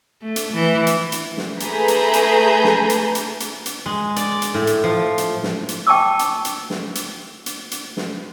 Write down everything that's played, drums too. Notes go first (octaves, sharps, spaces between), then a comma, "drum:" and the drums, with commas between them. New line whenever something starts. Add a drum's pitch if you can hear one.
A3
drum: hi-hat
E3
drum: hi-hat
drum: hi-hat
drum: snare
A3 G#4 B4 A#5 B5 G6, drum: hi-hat
drum: hi-hat
drum: hi-hat
drum: snare
drum: hi-hat
drum: hi-hat
drum: hi-hat
drum: hi-hat
G#3
D5, drum: hi-hat
drum: hi-hat
A2
drum: hi-hat
F3
drum: hi-hat
drum: snare
drum: hi-hat
G5 A5 C#6 D6 E6
drum: hi-hat
drum: hi-hat
drum: snare
drum: hi-hat
drum: hi-hat
drum: hi-hat
drum: snare